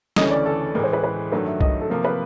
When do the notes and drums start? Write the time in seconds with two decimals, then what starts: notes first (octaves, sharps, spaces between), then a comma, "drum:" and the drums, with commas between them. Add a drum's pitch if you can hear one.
0.16 D2 C#3 E3 A3 C#4 D#5, drum: snare
0.31 D5
0.46 A4
0.75 A2 E3 G#3 A#4
0.84 C5
0.93 B4
1.03 B4
1.32 G2 D#3 F#3 A3 B4
1.47 E5
1.61 D#5, drum: kick C2
1.81 A4
1.90 C3 F3 A#3 A#4
2.04 B4